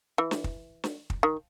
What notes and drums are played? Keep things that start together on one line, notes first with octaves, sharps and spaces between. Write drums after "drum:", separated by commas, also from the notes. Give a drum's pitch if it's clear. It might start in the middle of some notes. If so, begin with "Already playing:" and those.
E3
drum: snare
drum: kick
drum: snare
drum: kick
D#3